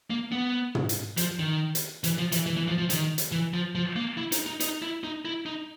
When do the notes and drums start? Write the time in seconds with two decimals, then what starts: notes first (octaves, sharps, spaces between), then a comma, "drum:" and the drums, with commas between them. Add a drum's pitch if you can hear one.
0.10 A#3
0.32 B3
0.75 drum: tom
0.89 drum: hi-hat
1.17 F3, drum: hi-hat
1.39 D#3
1.75 drum: hi-hat
2.04 E3, drum: hi-hat
2.18 F3
2.32 E3, drum: hi-hat
2.46 E3
2.57 E3
2.68 F3
2.78 F3
2.90 D#3, drum: hi-hat
3.18 drum: hi-hat
3.32 E3
3.54 F3
3.75 F3
3.96 A#3
4.18 E4
4.32 D#4, drum: hi-hat
4.47 D#4
4.60 D#4, drum: hi-hat
4.82 E4
5.04 D#4
5.25 E4
5.46 D#4